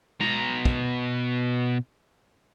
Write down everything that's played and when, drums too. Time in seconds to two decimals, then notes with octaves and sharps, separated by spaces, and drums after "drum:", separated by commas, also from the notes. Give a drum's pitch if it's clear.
0.20 B2 A#5, drum: tom G#3
0.65 drum: kick